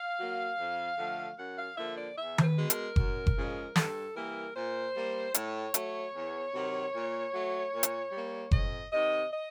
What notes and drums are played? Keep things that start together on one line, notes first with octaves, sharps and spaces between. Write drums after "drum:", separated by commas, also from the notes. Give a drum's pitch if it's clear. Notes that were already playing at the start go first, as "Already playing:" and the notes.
Already playing: F5
F#3 A#3
F2
D3 F3 A3
F#2 F#5
F5
D3 F3 A#3 E5
D5
E2 E5
C5, drum: tom D#3
B4
B2 G#3
A#4, drum: hi-hat
F#2, drum: kick F#1
drum: kick F#1
C#3 F3 G#3
G2 A4, drum: snare
E3 G3 A#3 A#4
A#2 C5
G3 A#3
A2 C#5, drum: hi-hat
F#3 A3, drum: hi-hat
E2
C3 D#3 F#3
A#2
F#3 A3
A#2
drum: hi-hat
G3 A#3
F2 D#5, drum: kick F#1
C3 D#3 D#5
D#5